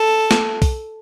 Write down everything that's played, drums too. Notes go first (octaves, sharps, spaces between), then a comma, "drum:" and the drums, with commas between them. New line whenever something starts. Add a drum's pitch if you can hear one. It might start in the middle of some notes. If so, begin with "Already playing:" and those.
Already playing: A4
drum: snare
drum: kick, open hi-hat